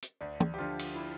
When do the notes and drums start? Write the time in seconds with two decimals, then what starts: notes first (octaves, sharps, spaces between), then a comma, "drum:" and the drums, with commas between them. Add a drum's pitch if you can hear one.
0.02 drum: hi-hat
0.21 D2 D4
0.40 drum: tom
0.54 G4
0.58 D3 F3 F4
0.79 drum: cymbal
0.95 E4